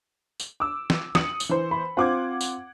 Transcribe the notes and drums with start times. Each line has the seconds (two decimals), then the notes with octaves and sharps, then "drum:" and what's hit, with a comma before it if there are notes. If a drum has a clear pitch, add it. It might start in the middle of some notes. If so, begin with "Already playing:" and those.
0.40 drum: tambourine
0.60 D6 E6
0.90 drum: snare
1.15 D#6 C#7 F#7, drum: snare
1.40 drum: tambourine
1.49 E3 C5
1.71 B5
1.97 C4 F4 C5 F#5 D6 G#6
2.41 drum: tambourine